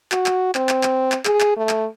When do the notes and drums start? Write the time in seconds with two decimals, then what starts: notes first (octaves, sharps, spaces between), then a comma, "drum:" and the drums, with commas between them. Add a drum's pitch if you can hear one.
0.12 F#4, drum: clap
0.26 drum: clap
0.55 C4, drum: clap
0.69 drum: clap
0.83 drum: clap
1.12 drum: clap
1.25 G#4, drum: clap
1.40 drum: clap
1.57 A3
1.69 drum: clap